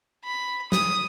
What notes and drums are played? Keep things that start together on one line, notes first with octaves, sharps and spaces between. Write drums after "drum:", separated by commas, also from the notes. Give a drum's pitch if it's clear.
B5
D#6, drum: snare